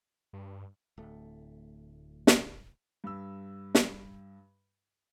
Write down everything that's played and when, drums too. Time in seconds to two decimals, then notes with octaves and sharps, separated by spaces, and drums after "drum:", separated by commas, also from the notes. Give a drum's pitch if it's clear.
0.33 G2
0.98 D1 A3
2.27 drum: snare
3.04 G2 E6
3.75 drum: snare